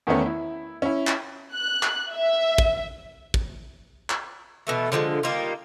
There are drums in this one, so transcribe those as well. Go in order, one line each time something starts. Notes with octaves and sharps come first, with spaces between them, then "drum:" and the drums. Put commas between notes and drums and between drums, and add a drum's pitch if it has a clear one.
E2 D#3 A3 B3 C#4
E4
C#4 E4
drum: clap
F#6
drum: clap
E5
drum: kick
drum: kick
drum: clap
B2 E3 A3
D3 F3 F#3 G#3
G3 A#3 D#4 F4